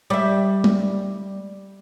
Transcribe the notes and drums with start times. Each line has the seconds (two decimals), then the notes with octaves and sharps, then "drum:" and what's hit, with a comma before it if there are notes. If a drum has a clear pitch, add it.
0.10 G3 E5
0.64 drum: tom G3